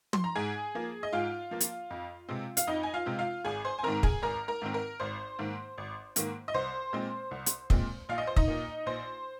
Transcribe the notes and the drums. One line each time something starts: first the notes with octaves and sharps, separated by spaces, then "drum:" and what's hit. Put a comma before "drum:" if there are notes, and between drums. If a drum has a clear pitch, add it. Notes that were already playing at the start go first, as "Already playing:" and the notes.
C6, drum: tom
A#5
G#2 G#4 G#5
F3 A#3
D#5
G#2 F4 F5
F3 A#3
drum: hi-hat
F2
C3 G#3 C4
F5, drum: hi-hat
F2 D#4 D#5
G#5
F4 F5
C3 G#3 C4
F4 F5
G#1 G#4 G#5
C5 C6
G#5
G#2 D#3 C4 A#4 A#5
G#4 G#5, drum: kick
G#1 A#4 A#5
A#4 A#5
G#2 D#3 C4
A#4
G#1 C5
G#2 D#3 A#3
G#1
G#2 D#3 A#3, drum: hi-hat
D#5
C2 C5
A#2 G#3 C4
C2
drum: hi-hat
A#2 G#3 C4, drum: kick
A#1 F5
D#5
C5
D#4 D#5, drum: kick
A#2 A#3
A#1 C5